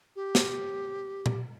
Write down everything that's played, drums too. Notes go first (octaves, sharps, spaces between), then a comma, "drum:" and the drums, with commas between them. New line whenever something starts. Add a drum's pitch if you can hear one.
G4
drum: snare
drum: tom A#2